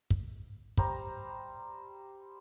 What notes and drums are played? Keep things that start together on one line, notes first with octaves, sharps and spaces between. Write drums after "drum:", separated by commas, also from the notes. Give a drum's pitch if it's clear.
drum: kick
G3 C5 A#5, drum: kick